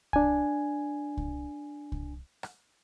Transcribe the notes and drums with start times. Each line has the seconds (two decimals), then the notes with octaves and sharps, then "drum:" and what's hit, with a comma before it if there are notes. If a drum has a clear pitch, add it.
0.13 D4 G#5, drum: kick C2
1.17 drum: kick C2
1.92 drum: kick C2
2.43 drum: rim click